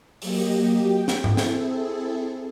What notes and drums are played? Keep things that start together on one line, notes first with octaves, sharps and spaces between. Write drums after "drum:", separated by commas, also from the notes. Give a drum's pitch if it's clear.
F#3 A#3 G4 D#5, drum: open hi-hat
G5
drum: snare
C4 E4 G#4 A4, drum: tom G#2
drum: snare